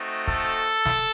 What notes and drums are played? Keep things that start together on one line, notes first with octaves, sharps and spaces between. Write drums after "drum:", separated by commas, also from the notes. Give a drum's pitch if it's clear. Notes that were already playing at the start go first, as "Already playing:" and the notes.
Already playing: A3 C4 D#4 F#4
A4, drum: kick
drum: snare